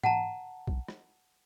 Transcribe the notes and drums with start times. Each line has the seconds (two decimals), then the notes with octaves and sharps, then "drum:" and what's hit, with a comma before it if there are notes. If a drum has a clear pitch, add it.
0.04 F#5 A5 A#5, drum: tom
0.67 drum: kick B1
0.88 drum: rim click